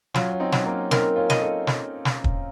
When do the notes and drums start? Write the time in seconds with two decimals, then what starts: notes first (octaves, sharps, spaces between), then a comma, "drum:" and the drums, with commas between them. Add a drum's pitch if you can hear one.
0.14 F#3 C#4 F4, drum: snare
0.31 C#4
0.40 C4 D#4
0.52 F#3, drum: snare
0.65 A#3 C#4
0.91 C4 D#4 A#4, drum: snare
1.16 C#4 F4
1.30 D#5, drum: snare
1.41 F4 A4
1.67 drum: snare
2.05 drum: snare
2.24 drum: kick